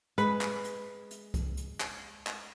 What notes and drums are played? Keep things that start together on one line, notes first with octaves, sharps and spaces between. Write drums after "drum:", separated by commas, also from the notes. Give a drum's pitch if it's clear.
G#3 B4, drum: hi-hat
drum: clap
drum: hi-hat
drum: hi-hat
drum: kick C2, hi-hat
drum: hi-hat
drum: clap
drum: clap